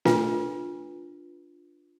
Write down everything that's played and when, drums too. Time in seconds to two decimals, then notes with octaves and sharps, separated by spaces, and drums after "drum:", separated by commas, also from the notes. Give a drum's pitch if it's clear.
0.05 D4 F4 B4, drum: snare